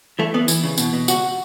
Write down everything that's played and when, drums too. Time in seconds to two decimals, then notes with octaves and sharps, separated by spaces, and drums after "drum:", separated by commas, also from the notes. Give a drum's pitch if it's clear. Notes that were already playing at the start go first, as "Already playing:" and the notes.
0.19 E3 A3
0.34 E3 B3
0.48 E3, drum: tambourine
0.64 C#3
0.78 B2, drum: tambourine
0.93 B2
1.08 C#2 F#4, drum: tambourine